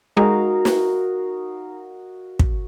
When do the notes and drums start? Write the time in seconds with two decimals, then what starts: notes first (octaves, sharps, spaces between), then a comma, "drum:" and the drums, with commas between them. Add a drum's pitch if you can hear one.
0.16 G#3 D#4 F#4 G#4 A#4 F5
0.65 drum: snare
2.39 drum: kick